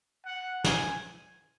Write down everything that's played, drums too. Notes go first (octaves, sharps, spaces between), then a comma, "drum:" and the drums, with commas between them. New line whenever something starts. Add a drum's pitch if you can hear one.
F#5
G#5, drum: snare